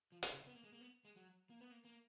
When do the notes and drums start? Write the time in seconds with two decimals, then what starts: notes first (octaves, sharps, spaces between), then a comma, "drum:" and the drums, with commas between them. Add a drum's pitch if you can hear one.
0.12 F3
0.23 C#3, drum: hi-hat
0.34 C#3
0.46 B3
0.55 A#3
0.64 G#3
0.72 A#3
0.81 B3
1.05 G#3
1.16 F#3
1.50 A#3
1.61 B3
1.71 A#3
1.85 A#3